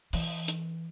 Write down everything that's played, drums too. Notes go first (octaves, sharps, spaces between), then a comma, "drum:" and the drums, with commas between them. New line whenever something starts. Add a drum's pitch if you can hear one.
E3, drum: open hi-hat
drum: hi-hat